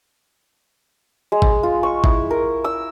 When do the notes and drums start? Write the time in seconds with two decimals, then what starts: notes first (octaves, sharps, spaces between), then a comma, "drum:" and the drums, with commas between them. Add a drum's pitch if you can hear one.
1.32 G#3
1.42 drum: kick
1.63 F4
1.83 C#6
2.04 E4, drum: kick
2.31 A#4
2.64 E6